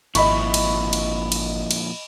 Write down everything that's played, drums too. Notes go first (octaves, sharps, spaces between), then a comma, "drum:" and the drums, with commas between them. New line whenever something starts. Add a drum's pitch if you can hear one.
G#1 F2 A#2 E4 D#5 B5 C#6, drum: cymbal
drum: cymbal
drum: cymbal
drum: cymbal
drum: cymbal